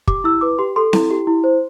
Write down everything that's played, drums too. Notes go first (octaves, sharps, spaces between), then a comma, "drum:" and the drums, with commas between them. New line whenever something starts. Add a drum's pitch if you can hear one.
G4 D6, drum: kick
E4 E6
B4 D6
G4 C6
A4 C6
E4, drum: snare C4
G4
E4
C5